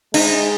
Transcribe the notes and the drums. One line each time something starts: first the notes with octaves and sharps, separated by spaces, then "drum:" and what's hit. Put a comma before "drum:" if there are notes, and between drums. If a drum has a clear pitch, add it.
G#3 D#4, drum: cymbal